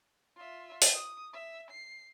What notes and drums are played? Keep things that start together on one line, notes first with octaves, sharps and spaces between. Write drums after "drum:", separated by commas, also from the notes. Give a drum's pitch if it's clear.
F4 E5
drum: open hi-hat
D#6
E5
C7